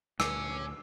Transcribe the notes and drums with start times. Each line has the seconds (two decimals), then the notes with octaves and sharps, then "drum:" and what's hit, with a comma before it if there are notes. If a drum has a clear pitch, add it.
0.20 D2 C#4 D6 E6 C7 C#7, drum: rim click